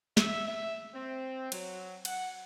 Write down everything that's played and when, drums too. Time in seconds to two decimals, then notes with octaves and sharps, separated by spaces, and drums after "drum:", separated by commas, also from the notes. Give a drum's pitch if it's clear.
0.17 E5, drum: snare
0.48 E5
0.94 C4
1.52 F#3, drum: cymbal
2.05 F#5, drum: cymbal